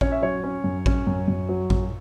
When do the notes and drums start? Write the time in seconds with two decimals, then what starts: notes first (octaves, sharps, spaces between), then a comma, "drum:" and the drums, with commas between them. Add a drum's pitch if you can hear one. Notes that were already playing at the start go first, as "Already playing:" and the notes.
0.01 C#4 C#5, drum: kick A1
0.12 E5
0.22 F#3 C#5
0.44 C#4
0.64 F#2
0.86 C#4, drum: kick A1
1.07 F#2
1.28 F#2
1.49 F#3
1.70 F#2, drum: kick A1